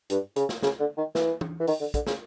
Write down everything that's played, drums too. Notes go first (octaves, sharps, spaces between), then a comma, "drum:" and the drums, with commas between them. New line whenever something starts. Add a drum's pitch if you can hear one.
G2, drum: hi-hat
C#3, drum: hi-hat
drum: snare
C#3, drum: snare
D3
D#3
E3, drum: snare
drum: tom
E3
D#3, drum: open hi-hat
D3
D3, drum: kick, hi-hat
C#3, drum: snare